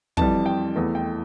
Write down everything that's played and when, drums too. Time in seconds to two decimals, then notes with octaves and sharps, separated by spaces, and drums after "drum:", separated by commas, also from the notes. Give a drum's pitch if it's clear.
0.17 F2 E3 G3 A5, drum: kick
0.46 G5
0.75 E2 E3 A3
0.95 G5